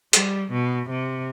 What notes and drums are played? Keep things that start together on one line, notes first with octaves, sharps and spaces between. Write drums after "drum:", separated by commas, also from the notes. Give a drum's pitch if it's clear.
G3, drum: hi-hat
B2
C3